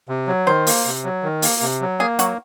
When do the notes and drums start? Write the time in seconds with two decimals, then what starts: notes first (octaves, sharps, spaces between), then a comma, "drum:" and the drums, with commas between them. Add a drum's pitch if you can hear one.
0.09 C3
0.27 F#3
0.47 D#3 C5
0.67 A#3, drum: open hi-hat
0.86 C3
1.04 F#3
1.23 D#3
1.42 A#3, drum: open hi-hat
1.62 C3
1.81 F#3
2.00 A#3 G#4
2.19 F#3 F#4, drum: hi-hat